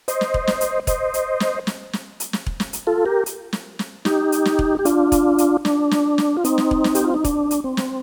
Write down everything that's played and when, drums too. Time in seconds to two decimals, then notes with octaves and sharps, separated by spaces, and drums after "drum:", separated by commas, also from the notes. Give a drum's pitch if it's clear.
0.08 C5 D#5, drum: hi-hat
0.21 drum: snare
0.34 drum: kick E1
0.47 drum: snare
0.61 drum: hi-hat
0.87 C5 D#5, drum: kick E1, hi-hat
1.14 drum: hi-hat
1.40 drum: snare
1.67 drum: snare
1.93 drum: snare
2.20 drum: hi-hat
2.33 drum: snare
2.46 drum: kick E1
2.60 drum: snare
2.73 drum: hi-hat
2.87 F4 A4
3.06 G4 A#4
3.26 drum: hi-hat
3.53 drum: snare
3.79 drum: snare
4.05 D#4 G4, drum: snare
4.32 drum: hi-hat
4.45 drum: snare
4.59 drum: kick E1
4.79 G4
4.85 D4 F4, drum: hi-hat
5.12 drum: kick E1, hi-hat
5.38 drum: hi-hat
5.65 D4, drum: snare
5.91 drum: snare
6.18 drum: snare
6.37 F4
6.44 C4 D#4, drum: hi-hat
6.58 drum: snare
6.71 drum: kick E1
6.84 drum: snare
6.95 G4, drum: hi-hat
7.04 F4
7.14 D#4
7.25 D4, drum: kick E1, hi-hat
7.51 drum: hi-hat
7.64 C4
7.77 drum: snare